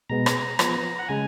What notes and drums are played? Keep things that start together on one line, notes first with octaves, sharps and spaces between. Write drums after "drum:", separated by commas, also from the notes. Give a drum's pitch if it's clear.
B2 G#3 B3 A#5
drum: rim click
F3 B3 A#5, drum: rim click
F#5
C#3 G#3 G#5